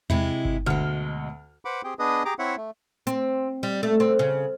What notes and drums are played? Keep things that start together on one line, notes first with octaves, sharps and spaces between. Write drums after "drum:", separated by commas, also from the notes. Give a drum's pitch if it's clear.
C3 G#3 E4, drum: tom E2
drum: kick G1
D2 B2 G#3 F6
B4 C5 F#5 B5 D6
C4 G4 G#4 G5
B3 D4 G#4 B4 D#5 D#6
G4 G#4 A#5 D6
C4 E4 C#5 E5 F#5
A3
C4, drum: hi-hat
G3
A3
C4
C#3